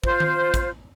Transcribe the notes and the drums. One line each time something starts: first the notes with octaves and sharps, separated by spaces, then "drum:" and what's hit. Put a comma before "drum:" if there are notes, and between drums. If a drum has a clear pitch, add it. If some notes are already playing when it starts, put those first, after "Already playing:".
F4 C5, drum: kick
drum: tom D#3
drum: kick, hi-hat